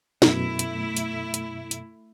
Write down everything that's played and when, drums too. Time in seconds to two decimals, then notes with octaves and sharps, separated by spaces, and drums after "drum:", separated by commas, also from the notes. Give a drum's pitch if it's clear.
0.22 F#2 B2 A3 E4, drum: snare
0.59 drum: hi-hat
0.97 drum: hi-hat
1.34 drum: hi-hat
1.71 drum: hi-hat